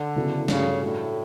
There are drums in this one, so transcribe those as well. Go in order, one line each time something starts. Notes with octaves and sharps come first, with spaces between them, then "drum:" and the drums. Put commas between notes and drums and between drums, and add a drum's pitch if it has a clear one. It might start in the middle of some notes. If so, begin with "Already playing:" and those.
Already playing: D3
C#3 F#3 B3 E4 A4
G2 C#3 F#3 A3 D4 G4, drum: snare
A2 F#3 A3 D4